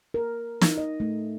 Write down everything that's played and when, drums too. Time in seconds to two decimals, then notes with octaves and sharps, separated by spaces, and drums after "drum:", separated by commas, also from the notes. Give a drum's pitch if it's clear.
0.14 A#4
0.61 D#4, drum: snare
0.78 D#5
1.00 A3